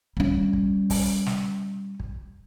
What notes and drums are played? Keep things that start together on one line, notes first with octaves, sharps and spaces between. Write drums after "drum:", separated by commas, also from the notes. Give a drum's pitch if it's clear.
G3 C#4
drum: kick
drum: kick, open hi-hat
drum: snare
drum: kick